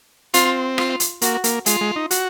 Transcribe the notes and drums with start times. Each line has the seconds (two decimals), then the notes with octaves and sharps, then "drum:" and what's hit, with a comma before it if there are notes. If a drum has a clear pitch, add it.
0.34 C4 F4, drum: hi-hat
0.78 F4, drum: rim click
1.00 drum: hi-hat
1.21 A#3 F#4, drum: hi-hat
1.44 A#3, drum: hi-hat
1.66 G#3 F4, drum: hi-hat
1.81 G#3
1.96 D#4
2.11 F#4, drum: hi-hat